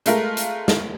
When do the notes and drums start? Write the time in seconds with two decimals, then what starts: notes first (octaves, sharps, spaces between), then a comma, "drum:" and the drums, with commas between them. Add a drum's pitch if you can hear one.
0.06 G#3 A3 F4 A#4, drum: hi-hat
0.37 drum: hi-hat
0.68 drum: snare